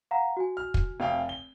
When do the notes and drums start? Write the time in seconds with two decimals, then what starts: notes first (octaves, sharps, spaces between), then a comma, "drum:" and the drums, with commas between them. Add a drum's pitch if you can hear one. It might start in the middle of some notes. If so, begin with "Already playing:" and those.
0.11 F5 F#5 A#5
0.37 F#4 G#5
0.57 F6
0.74 drum: kick
1.00 F1 F5 G5
1.29 G7